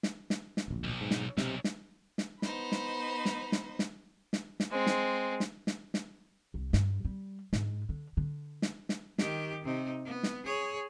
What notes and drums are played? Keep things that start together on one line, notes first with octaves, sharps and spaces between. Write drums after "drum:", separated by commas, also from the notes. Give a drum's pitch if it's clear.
drum: snare
drum: snare
drum: snare
D1 A#1
B1
G#2
drum: snare
B1 C3, drum: snare
drum: snare
drum: snare
B3 D#4 C5 B5, drum: snare
drum: snare
drum: snare
drum: snare
drum: snare
drum: snare
drum: snare
G#3 C4
drum: snare
drum: snare
drum: snare
drum: snare
C2
G2, drum: snare
G3
G#2, drum: snare
D3
D3
drum: snare
drum: snare
D#3 G4, drum: snare
C3 D#4
B3
drum: snare
G#4 C#5